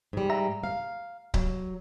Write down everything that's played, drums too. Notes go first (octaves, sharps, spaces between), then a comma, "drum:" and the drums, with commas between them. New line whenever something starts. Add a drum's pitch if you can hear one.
G#2 G3
E5 A#5
F5
F#3, drum: kick C#1